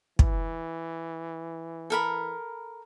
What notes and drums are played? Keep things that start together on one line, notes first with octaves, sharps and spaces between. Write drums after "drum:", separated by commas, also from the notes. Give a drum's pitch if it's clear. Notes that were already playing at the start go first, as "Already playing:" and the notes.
E3, drum: kick
A4 A#4 B5